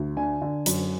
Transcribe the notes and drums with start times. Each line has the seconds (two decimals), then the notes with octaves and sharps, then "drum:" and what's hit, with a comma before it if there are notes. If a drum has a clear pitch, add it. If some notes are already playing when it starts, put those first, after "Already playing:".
Already playing: D2
0.17 D3 G#5
0.42 D3
0.66 F#2, drum: hi-hat